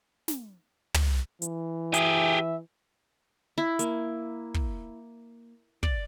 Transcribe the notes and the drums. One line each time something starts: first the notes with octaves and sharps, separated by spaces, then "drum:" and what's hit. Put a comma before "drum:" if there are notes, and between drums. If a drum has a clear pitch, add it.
drum: snare
drum: tom
E3, drum: hi-hat
G4 G#4 E5, drum: hi-hat
E4
A#3, drum: hi-hat
drum: kick
D5, drum: kick